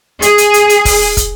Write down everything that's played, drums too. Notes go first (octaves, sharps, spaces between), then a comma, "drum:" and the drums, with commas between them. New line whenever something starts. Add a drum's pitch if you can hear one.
G#4, drum: hi-hat
drum: hi-hat
drum: hi-hat
drum: hi-hat
drum: kick, open hi-hat
drum: kick, hi-hat